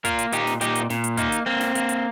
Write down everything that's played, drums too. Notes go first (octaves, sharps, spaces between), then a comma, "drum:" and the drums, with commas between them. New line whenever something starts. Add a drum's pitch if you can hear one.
A#3 F4 A#4, drum: kick, hi-hat
drum: hi-hat
A#2 D#4 G4, drum: hi-hat
drum: snare
A#2 D#4 G4, drum: hi-hat
drum: hi-hat
A#2, drum: snare
drum: hi-hat
A#3 D#4, drum: kick, hi-hat
drum: hi-hat
A#3 C4
drum: snare
A#3, drum: hi-hat
drum: hi-hat